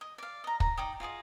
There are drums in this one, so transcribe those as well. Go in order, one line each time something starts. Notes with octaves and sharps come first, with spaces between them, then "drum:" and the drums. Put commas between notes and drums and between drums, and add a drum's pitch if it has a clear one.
D#5
D5 F5
D#5 A#5
A#5, drum: kick
D#4 D5 G5 D#6
F4 F#4 G#4 D#5